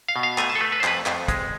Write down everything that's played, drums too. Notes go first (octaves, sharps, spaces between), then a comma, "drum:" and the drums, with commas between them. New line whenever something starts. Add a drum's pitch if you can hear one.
F5
B2
F5
A3 G#5, drum: clap
A5
A4
A3 B4
B4
C5
F2 B4, drum: clap
F2, drum: clap
G#3, drum: kick, hi-hat